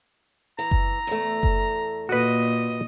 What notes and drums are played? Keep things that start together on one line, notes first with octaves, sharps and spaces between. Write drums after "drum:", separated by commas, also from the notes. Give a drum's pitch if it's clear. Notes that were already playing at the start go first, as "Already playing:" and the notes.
E3 A#5
drum: kick F#1
E2 A3
drum: kick F#1
A#2 F#4 B4 D#5